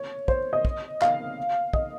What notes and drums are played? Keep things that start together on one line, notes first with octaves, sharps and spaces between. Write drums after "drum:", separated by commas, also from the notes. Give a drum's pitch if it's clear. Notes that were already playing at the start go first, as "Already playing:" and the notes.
Already playing: C#5
C5, drum: kick
D#5
drum: kick
F5, drum: clap
D#5, drum: kick